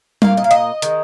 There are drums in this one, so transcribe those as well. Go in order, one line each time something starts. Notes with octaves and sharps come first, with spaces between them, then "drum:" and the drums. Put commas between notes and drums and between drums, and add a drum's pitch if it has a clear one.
A#2 A#3 F5, drum: tom G3
D#5
F5
D#5, drum: hi-hat
D#3 G#3, drum: hi-hat